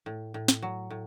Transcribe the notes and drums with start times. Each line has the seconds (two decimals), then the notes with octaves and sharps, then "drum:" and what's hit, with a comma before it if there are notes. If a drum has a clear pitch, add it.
0.06 A2
0.34 A2
0.48 drum: snare
0.62 F#3
0.90 A2